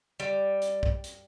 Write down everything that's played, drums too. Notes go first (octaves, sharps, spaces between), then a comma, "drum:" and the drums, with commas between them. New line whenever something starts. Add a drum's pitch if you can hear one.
G3
drum: hi-hat
drum: kick
drum: hi-hat